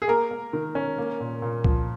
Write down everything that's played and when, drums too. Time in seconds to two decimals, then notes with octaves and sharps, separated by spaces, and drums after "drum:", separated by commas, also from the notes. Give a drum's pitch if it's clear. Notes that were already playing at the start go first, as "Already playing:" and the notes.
0.02 G#4
0.08 A#3 A#4
0.31 A#3
0.53 D#3
0.75 C#4
0.98 A#3
1.20 A#2
1.42 A#2
1.64 F3, drum: kick C2